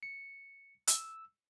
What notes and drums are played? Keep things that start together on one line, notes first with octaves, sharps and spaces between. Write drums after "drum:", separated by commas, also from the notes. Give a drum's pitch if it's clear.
C#7
E6, drum: hi-hat